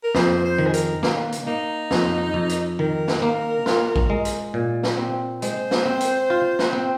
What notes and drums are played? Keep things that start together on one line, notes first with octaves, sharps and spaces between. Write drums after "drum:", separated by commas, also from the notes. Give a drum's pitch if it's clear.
A#4
F2 C5, drum: snare
C5
D#3
G#4
A#4, drum: hi-hat
A#3, drum: snare
drum: hi-hat
A#3 D#4
F2, drum: snare
F2
drum: hi-hat
D#3 A#4
drum: snare
A#3
F4, drum: snare
drum: kick
G#3
drum: hi-hat
A#2
drum: snare
C4
G#3 C5, drum: hi-hat
drum: snare
C4
drum: hi-hat
F4
drum: snare
C4